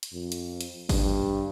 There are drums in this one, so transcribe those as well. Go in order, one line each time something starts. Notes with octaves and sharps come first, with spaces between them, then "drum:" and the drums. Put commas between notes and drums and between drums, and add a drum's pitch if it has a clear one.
drum: hi-hat
F2
drum: hi-hat
drum: hi-hat
G2, drum: kick G#1, open hi-hat